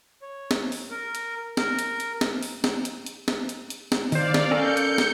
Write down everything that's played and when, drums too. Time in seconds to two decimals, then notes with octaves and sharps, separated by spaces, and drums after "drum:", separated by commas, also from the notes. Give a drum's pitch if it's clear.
0.22 C#5
0.51 drum: snare
0.72 drum: open hi-hat
0.90 A#4
1.15 drum: hi-hat
1.57 A#4, drum: snare
1.79 drum: hi-hat
2.00 drum: hi-hat
2.21 drum: snare
2.43 drum: open hi-hat
2.64 drum: snare
2.85 drum: hi-hat
3.06 drum: hi-hat
3.28 drum: snare
3.49 drum: hi-hat
3.70 drum: hi-hat
3.92 drum: snare
4.12 D#3 C5 D5 F5, drum: open hi-hat
4.34 drum: snare
4.51 C#4 A4 A#4 G6 C#7
4.77 drum: hi-hat
4.98 drum: snare